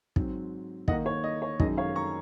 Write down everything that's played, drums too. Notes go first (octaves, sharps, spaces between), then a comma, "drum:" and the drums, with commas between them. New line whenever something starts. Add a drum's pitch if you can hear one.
G#2 F#3 C4, drum: kick
D#2 D#3 A#3 D#4 D#5 F#5, drum: kick
C#5
D#5
C#5
F#2 D#3 G#3 D#4 D#5, drum: kick
C#5 F5
A#5 C#6